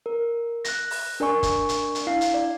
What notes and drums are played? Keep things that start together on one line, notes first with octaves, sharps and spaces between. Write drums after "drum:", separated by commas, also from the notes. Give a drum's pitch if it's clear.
A#4
F#6 A#6, drum: hi-hat
drum: open hi-hat
D4 A#4 D5 G#5 C#6
drum: kick, hi-hat
drum: hi-hat
drum: hi-hat
D4 E4 F5 C7
drum: hi-hat
D5